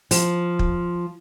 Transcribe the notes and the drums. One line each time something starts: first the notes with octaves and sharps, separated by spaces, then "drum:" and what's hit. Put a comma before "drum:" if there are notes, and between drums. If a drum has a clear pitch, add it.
F3, drum: open hi-hat
drum: kick